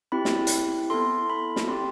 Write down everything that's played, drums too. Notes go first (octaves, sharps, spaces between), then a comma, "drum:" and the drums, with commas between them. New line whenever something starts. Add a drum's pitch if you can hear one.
C4 E4 G4 B5
drum: snare
drum: hi-hat
B3 E4 A4 C6
B5
drum: snare
C4 E4 G4 C6